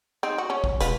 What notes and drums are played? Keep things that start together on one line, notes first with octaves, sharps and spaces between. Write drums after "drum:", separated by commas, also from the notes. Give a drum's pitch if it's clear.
C4 D#4
F#4
C#4
drum: kick
E1 F4 B4, drum: hi-hat